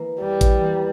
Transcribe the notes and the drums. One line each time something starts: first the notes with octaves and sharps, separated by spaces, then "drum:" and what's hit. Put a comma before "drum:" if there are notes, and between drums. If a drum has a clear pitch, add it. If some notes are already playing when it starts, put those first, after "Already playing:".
Already playing: E3 A#3
E2 G3
drum: kick, hi-hat
E3 A#3